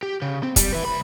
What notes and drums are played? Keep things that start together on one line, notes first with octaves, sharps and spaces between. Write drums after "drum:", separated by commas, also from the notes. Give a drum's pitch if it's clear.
G4
C#3
C4
G3, drum: kick, hi-hat
E4 B4
C2 B5